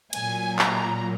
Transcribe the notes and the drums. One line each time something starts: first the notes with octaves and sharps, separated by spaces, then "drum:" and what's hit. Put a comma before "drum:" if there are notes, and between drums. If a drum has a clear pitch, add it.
A#2 F#3 G#5, drum: cymbal
A#5, drum: clap